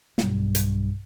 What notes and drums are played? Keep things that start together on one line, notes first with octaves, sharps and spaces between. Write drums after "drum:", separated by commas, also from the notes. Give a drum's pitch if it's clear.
B1 G2, drum: snare
drum: hi-hat